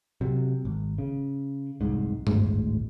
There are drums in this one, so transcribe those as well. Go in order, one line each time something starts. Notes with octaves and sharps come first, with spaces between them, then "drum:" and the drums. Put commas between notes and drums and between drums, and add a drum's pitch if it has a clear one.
C3 F#3
G#1
C#3
F1 C2 G#2
G#1 D2 A2 G#3, drum: tom G2